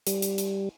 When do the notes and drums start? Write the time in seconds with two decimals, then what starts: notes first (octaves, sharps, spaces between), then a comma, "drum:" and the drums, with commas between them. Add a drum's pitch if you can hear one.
0.07 G3, drum: hi-hat
0.22 drum: hi-hat
0.38 drum: hi-hat